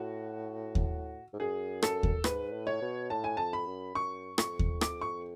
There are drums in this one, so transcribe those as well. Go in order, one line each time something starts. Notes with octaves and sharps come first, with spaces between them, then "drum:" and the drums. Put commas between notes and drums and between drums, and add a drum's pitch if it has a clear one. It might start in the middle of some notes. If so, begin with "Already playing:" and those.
Already playing: A2 F#4
drum: kick D#2
G#2
F#2 G#4
A4, drum: rim click
drum: kick D#2
G#2 B4, drum: rim click
A2
C#5
B2
A2 A5
G#5
F2 A5
B5
F#2
F#2 C#6
F2 C#6, drum: rim click
drum: kick D#2
D6, drum: rim click
C#6